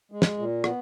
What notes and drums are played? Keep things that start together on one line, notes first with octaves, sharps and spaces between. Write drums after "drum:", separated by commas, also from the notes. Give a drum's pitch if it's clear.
G#3
drum: snare
A#2
B3, drum: rim click